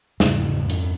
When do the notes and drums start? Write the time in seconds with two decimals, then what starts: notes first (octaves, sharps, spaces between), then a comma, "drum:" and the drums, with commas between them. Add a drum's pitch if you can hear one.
0.20 E2 G#2 C#3, drum: snare
0.70 F2 C#4, drum: hi-hat